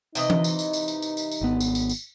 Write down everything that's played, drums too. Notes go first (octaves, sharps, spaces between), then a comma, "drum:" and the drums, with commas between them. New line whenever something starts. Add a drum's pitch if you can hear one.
C3 E3 D#4 D#5, drum: tambourine
drum: tom E3
drum: tambourine
drum: tambourine
drum: tambourine
drum: tambourine
drum: tambourine
drum: tambourine
drum: tambourine
G#1 B3
drum: tambourine
drum: tambourine
drum: tambourine